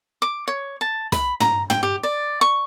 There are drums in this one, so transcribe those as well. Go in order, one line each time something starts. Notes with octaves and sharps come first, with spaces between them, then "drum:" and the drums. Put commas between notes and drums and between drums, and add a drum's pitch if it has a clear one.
D6
C#5
A5
B5, drum: snare
A#5, drum: tom
G5, drum: tom
G4
D5
C#6